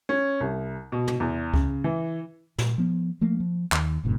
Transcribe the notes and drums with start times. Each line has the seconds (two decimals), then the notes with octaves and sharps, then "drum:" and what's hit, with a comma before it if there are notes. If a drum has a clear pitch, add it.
0.09 C#4
0.40 C2
0.92 B2
1.07 drum: tom
1.20 E2
1.54 C#3, drum: kick C#2
1.84 E3
2.58 A#2, drum: snare
2.78 F3 B3
3.21 F3 A3 A#3
3.40 F3
3.72 D#2, drum: clap
4.04 F1 G2 A#2 C#3